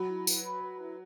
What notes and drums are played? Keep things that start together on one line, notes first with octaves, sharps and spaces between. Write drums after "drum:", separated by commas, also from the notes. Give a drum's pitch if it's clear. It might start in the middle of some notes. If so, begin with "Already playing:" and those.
Already playing: F#3 B5
E4
B4, drum: tambourine
B5
B4
E4